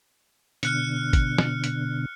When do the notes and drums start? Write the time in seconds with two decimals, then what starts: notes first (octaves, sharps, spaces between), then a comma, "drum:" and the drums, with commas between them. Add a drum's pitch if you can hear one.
0.63 B2 D3 F6 F#6 C#7, drum: hi-hat
1.13 drum: kick G#1, hi-hat
1.38 drum: snare
1.64 drum: hi-hat